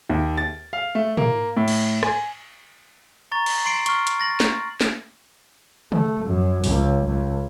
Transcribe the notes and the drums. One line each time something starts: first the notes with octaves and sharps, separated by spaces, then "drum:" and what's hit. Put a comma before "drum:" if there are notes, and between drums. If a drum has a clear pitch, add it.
D#2
A6
F5
A3
A#3, drum: tom
A2
drum: cymbal
G#5, drum: rim click
A#5 C#6 A6
drum: cymbal
C6 C7 D7
C#6 F6, drum: hi-hat
drum: hi-hat
A6 A#6 F#7
drum: snare
drum: snare
A3, drum: tom
F#2
C#2, drum: open hi-hat
C#2